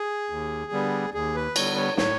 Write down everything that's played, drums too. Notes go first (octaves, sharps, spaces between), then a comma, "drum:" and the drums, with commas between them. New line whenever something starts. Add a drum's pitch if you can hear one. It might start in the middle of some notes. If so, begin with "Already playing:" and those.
Already playing: G#4
D#2
D3 G3 B3
D#2 G#4
B4
D3 G3 B3 C#5, drum: cymbal
C#5
A2 C#5, drum: snare